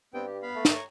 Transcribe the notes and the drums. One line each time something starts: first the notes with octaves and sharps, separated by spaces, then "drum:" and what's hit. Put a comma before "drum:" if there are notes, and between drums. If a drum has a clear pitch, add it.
G2 B3 C4 G5
G4
B3 F5 B5
A3
drum: snare
C#5 A#5 C#6